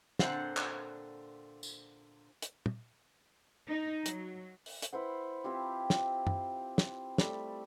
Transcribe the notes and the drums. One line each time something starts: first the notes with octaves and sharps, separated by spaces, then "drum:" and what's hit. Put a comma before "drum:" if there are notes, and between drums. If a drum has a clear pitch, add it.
A#2 D3 C4 C5 F#5, drum: snare
drum: clap
drum: tambourine
drum: hi-hat
drum: tom
D#4
F#3, drum: hi-hat
drum: open hi-hat
drum: hi-hat
E4 B4 C5 F#5
C4 E4 F4 G4
drum: snare
drum: tom F#2
drum: snare
G3 A3, drum: snare